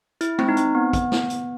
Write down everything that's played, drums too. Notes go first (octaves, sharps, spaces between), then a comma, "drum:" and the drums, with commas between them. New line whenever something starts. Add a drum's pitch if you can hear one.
E4, drum: hi-hat
C4, drum: tom G#3
D#4
C4, drum: hi-hat
B3
drum: kick, hi-hat
drum: snare
drum: hi-hat